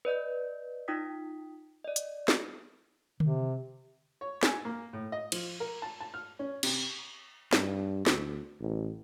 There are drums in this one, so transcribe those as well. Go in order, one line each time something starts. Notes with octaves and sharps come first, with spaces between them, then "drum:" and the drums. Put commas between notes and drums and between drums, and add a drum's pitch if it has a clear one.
B4 D5 D#5 G6
D#4 F4 G5 D#6 B6
D5 D#5
drum: hi-hat
drum: snare
C3, drum: tom D3
C#5
G#5, drum: snare
A#3
A2
D#5
F3, drum: cymbal
A#4
A5
A5
F6
C#4
C3, drum: cymbal
G2, drum: snare
D2, drum: snare
A1